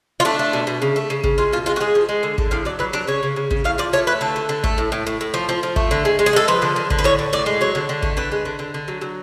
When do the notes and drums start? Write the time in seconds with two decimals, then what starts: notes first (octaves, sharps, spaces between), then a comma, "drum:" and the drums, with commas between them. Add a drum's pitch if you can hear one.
0.20 F4
0.25 A3 D4
0.39 A3
0.53 B2
0.67 B2
0.82 C#3
0.96 A3
1.10 C#3
1.24 C#3, drum: kick
1.38 G#3 F4
1.53 B2 F4
1.66 G#3 F4
1.76 F#4
1.81 G#3 G#4
1.95 F3
2.09 G#3
2.23 D3
2.38 D3, drum: kick
2.51 A2 F5
2.65 F#3 D5
2.79 F#3 B4
2.93 F#3 D4
3.07 C#3 C#5
3.23 C#3
3.36 C#3
3.51 C#3, drum: kick
3.64 A2 F5
3.78 F3 D5
3.93 A3 C#5
4.07 A3 B4
4.21 D3 A4
4.36 D3
4.49 D3
4.64 A3, drum: kick
4.78 A2
4.92 A2
5.07 A2
5.21 A2
5.34 F3
5.49 F3
5.63 F3
5.76 A3, drum: kick
5.91 D3
6.05 G#3
6.19 G#3
6.26 G#4
6.33 G#3 A4
6.48 F3 B4
6.62 D3
6.76 D3
6.90 D3, drum: kick
6.99 B4
7.04 A2 C#5
7.19 A2
7.33 A2 D5
7.46 G#3
7.61 F#3 C#5
7.75 D3
7.89 D3
8.03 A3, drum: kick
8.17 D3 B4
8.32 G#3
8.45 D3
8.59 D3
8.74 D3
8.88 F#3
9.01 F#3